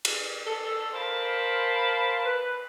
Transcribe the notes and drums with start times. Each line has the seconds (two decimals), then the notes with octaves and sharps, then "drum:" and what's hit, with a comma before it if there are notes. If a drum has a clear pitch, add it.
0.05 drum: cymbal
0.47 A4
0.94 A#4 C5 F5 A5 B5 C6
2.25 B4